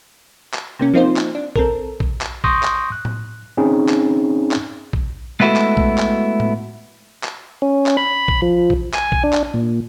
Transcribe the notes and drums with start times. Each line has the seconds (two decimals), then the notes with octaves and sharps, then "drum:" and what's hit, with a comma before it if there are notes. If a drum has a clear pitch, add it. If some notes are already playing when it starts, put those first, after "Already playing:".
0.54 drum: clap
0.79 C3 A#3 C#4
0.94 F3 A#3 C4 D#4 F4 C5
1.17 drum: clap
1.35 D4
1.56 C4 A4 A#4, drum: kick A#1
2.00 drum: kick A#1
2.21 drum: clap
2.44 C6 C#6 D#6 G6 A#6, drum: kick A#1
2.63 drum: clap
2.92 F#6
3.05 drum: tom A2
3.57 C4 C#4 D#4 G#4
3.89 drum: clap
4.51 drum: clap
4.93 drum: kick A#1
5.40 G#3 A3 B3 E4 F#4 A4
5.56 drum: clap
5.77 drum: kick A#1
5.98 drum: clap
6.40 drum: tom A2
7.24 drum: clap
7.62 C#4
7.86 drum: clap
7.97 B5
8.28 drum: kick A#1
8.42 F3
8.70 drum: kick A#1
8.94 G#5, drum: clap
9.12 drum: kick A#1
9.24 D4
9.33 drum: clap
9.54 A#2